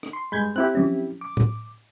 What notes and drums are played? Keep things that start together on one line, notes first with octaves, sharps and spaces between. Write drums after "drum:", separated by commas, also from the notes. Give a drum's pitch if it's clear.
drum: rim click
C6
G2 G#3 B5 G6 G#6
C4 E4 G4 F#6
F3 F#3 C#4
D6
drum: tom A2